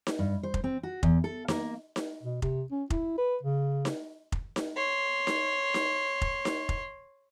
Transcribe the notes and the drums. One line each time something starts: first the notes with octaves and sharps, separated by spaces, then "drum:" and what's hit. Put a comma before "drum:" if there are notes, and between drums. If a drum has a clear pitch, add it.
drum: snare D#4
G2
C5
drum: kick
C4
F#4
E2, drum: kick
A4
A#3, drum: snare D#4
drum: snare D#4
B2
C3, drum: kick
C#4
E4, drum: kick
B4
C#3
drum: snare D#4
drum: kick
drum: snare D#4
C#5 C6
drum: snare D#4
drum: snare D#4
drum: kick
drum: snare D#4
drum: kick